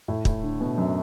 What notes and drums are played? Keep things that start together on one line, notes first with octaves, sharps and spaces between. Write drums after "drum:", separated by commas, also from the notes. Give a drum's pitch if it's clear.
A2
A2, drum: kick
D3
B2
F#2